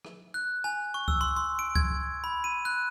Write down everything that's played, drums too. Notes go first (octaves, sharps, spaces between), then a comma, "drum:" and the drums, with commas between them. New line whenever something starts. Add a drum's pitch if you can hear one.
drum: rim click
F#6
G#5
C#6
E6, drum: kick C#2
C6
C6
D7
G#6, drum: kick C#2
B5
D#7
F#6